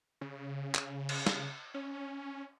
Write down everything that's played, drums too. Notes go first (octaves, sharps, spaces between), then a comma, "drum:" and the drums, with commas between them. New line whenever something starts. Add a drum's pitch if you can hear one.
C#3
C#3, drum: clap
drum: cymbal
drum: snare
C#4